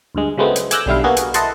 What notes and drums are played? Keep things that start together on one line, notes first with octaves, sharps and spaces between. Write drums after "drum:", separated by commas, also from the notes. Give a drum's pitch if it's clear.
D2 G2 G#3
C#3 F#3 G#3 A3 B3 C4
drum: hi-hat
G#5 D6 E6 F#6 G6 A#6, drum: hi-hat
B1 D3 G3 E4 F5
A#3 B3 F#4 G#4
drum: hi-hat
E4 A4 D#5 F#5 A5 C6, drum: hi-hat